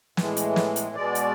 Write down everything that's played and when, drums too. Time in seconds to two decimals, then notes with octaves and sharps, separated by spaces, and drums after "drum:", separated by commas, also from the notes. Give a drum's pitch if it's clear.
0.17 A2 E3 G#3, drum: snare
0.37 drum: hi-hat
0.56 drum: snare
0.76 drum: hi-hat
0.96 B2 G#3 D5
1.15 drum: hi-hat